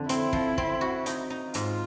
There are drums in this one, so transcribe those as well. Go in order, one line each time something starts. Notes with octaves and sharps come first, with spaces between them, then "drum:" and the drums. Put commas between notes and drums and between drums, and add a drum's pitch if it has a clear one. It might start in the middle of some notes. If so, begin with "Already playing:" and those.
Already playing: F2 D3
C4 E4, drum: hi-hat
F3, drum: kick
C4, drum: kick
F#4
D#4, drum: hi-hat
D#4
G#2 F4, drum: hi-hat